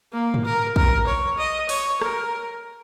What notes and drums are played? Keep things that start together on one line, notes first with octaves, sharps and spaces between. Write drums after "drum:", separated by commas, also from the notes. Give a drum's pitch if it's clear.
A#3
drum: tom G#2
A#4
A#4, drum: kick
C#5
D#5
C#5, drum: open hi-hat
A#4, drum: rim click